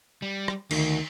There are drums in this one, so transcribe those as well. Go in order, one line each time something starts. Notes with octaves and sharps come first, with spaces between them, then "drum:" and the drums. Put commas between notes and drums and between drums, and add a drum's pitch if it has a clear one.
G3
drum: rim click
D2 D#3, drum: cymbal